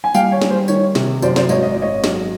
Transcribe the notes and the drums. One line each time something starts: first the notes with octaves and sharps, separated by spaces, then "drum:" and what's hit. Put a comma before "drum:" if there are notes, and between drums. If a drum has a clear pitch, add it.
G#5
G3 F5 G5, drum: tambourine
C#5
G3, drum: snare
C5
D#3 C#5, drum: tambourine
C3, drum: snare
F#2 C5 D5, drum: tambourine
C5 D5, drum: snare
G#1 C#5 D#5, drum: tambourine
D#5
G#1 D5
C#5 D#5
F#3, drum: snare